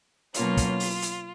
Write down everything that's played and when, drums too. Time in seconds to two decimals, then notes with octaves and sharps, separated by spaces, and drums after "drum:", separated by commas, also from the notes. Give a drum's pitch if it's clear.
0.34 B2 F#3 A#3 C#4 F4, drum: hi-hat
0.57 drum: kick, hi-hat
0.80 drum: open hi-hat
1.02 drum: hi-hat